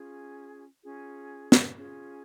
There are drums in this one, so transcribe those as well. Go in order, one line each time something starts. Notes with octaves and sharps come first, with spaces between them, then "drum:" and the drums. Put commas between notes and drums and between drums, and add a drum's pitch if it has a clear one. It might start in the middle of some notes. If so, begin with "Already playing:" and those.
Already playing: C#4 F4 G#4
C#4 F4 G#4
drum: snare
C#4 F4 G#4